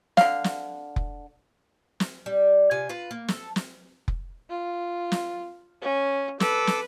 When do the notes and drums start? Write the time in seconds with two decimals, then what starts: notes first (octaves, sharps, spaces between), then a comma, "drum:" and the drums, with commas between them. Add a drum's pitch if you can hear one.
0.17 D3 F5, drum: snare
0.44 drum: snare
0.96 drum: kick F1
2.00 drum: snare
2.26 G3
2.71 C3 F4 G#5
2.89 F4 B4
3.11 A#3
3.28 A4, drum: snare
3.56 drum: snare
4.08 drum: kick F1
4.49 F4
5.12 drum: snare
5.81 C#4
6.40 A4 B4 D6 E6, drum: snare
6.67 drum: snare